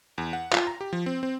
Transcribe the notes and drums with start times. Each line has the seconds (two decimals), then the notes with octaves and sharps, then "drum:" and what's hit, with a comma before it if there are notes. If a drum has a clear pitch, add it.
0.18 E2
0.33 F#5
0.53 F4, drum: clap
0.67 A#5
0.81 G4
0.93 F3
1.06 C4
1.23 C4